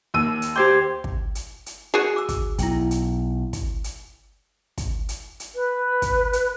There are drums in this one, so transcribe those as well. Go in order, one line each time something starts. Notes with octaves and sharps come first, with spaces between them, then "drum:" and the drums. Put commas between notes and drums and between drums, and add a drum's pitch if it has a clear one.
D#2 E6 D#7
drum: hi-hat
G4 C5 G5 C6 D6 G#6
drum: kick
drum: hi-hat
drum: hi-hat
F#4 G#4
D6 E6
drum: kick, hi-hat
B1 E4 G5, drum: hi-hat
drum: hi-hat
drum: kick, hi-hat
drum: hi-hat
drum: kick, hi-hat
drum: hi-hat
drum: hi-hat
B4
drum: kick, hi-hat
drum: hi-hat